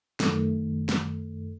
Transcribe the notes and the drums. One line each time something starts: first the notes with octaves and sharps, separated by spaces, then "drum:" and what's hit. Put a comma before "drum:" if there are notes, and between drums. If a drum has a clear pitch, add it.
F#2 D#3 A3, drum: snare
drum: snare